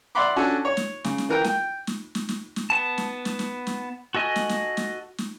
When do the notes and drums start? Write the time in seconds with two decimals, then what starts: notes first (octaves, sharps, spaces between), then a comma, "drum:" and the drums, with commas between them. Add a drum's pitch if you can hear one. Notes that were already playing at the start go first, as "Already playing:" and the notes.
0.15 D5 E5 F#5 B5 C6 D6
0.36 C#4 D4 F#4 A4
0.65 C#5
0.77 drum: snare
1.04 C#3, drum: snare
1.18 drum: snare
1.29 E3 A#4 G5
1.44 G5, drum: snare
1.87 drum: snare
2.15 drum: snare
2.29 drum: snare
2.56 drum: snare
2.70 B3 A5
2.98 drum: snare
3.25 drum: snare
3.39 drum: snare
3.67 drum: snare
4.14 F#4 A4 D#5 G#5
4.36 drum: snare
4.49 drum: snare
4.77 drum: snare
5.18 drum: snare